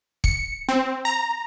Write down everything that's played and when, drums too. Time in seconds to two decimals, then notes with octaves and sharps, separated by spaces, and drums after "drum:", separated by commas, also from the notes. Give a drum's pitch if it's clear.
0.24 C#7, drum: kick
0.69 C4
1.05 A#5